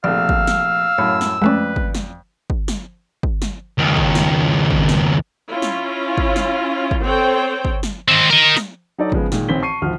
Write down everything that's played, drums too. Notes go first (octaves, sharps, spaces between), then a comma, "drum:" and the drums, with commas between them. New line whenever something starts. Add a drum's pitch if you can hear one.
A#1 C3 A3 D5 F5 E6
drum: kick
drum: snare
F#2 A2 C#5
drum: snare
F2 G#3 A3 C#4 B4 D5
drum: kick
drum: snare
drum: kick
drum: snare
drum: kick
drum: snare
C#2 D#3
drum: kick
drum: snare
drum: kick
drum: snare
C#4 E4 F4
drum: snare
drum: kick
drum: snare
drum: kick
C4 A4 C5 C#5 G5
drum: kick
drum: snare
D#3 C4
A#4 D#5
drum: snare
F#3 D#4 A4 C#5 D5
C#3 F3 G#3 B3, drum: kick
A#2 D#3 G#3, drum: snare
A1 D#3 C4 B6 G7
A5 C#6 C7 D#7
G#1 D2 F3 F#4 F6